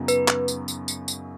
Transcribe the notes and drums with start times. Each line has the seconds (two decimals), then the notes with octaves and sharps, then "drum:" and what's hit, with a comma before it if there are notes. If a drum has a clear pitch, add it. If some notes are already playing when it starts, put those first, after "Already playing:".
Already playing: F#2 C#3 F#3 B3 D#4
0.08 B4, drum: tambourine
0.28 drum: clap
0.48 drum: tambourine
0.68 drum: tambourine
0.88 drum: tambourine
1.08 drum: tambourine